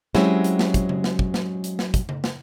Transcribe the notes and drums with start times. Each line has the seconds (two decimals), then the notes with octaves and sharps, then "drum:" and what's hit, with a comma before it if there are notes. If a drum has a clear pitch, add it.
0.15 F#3 G#3 C4 C#4 E4 G4, drum: snare
0.44 drum: hi-hat
0.59 drum: snare
0.74 drum: kick, hi-hat
0.89 drum: tom C#3
1.04 drum: snare
1.19 drum: kick
1.34 drum: snare
1.64 drum: hi-hat
1.79 drum: snare
1.94 drum: kick, hi-hat
2.09 drum: tom C#3
2.24 drum: snare